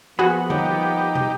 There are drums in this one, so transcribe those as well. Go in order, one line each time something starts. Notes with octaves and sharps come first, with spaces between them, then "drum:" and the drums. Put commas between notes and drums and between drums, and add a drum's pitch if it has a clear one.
F3 A#3 B3 F#4 G#4 B5
D#4 G4, drum: tom D3
drum: tom